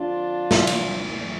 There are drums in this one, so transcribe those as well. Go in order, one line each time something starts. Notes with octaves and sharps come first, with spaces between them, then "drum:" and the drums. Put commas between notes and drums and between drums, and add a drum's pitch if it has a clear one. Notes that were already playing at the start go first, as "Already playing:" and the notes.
Already playing: F2 D3 F3 D4 F4
drum: snare
drum: cymbal